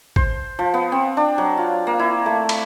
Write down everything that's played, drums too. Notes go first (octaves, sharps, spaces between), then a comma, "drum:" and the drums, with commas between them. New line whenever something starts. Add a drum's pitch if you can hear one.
C5, drum: kick
F3
B3
C4
D4
F#3
F4
A#3
E4
A3
B5, drum: cymbal